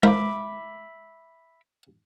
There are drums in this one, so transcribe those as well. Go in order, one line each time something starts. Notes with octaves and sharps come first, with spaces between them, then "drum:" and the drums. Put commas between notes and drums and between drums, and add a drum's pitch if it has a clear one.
A#4 C5 E5 F5 B5 D6, drum: tom G#3